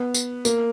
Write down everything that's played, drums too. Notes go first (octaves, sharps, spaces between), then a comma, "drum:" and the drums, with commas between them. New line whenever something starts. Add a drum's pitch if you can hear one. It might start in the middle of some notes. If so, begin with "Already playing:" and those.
Already playing: B3
drum: tambourine
A#3, drum: tambourine